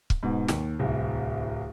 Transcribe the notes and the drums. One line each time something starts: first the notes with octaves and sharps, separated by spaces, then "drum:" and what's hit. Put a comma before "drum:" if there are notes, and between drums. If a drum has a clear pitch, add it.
drum: kick
G#2 B2
D#2, drum: snare
D1 C2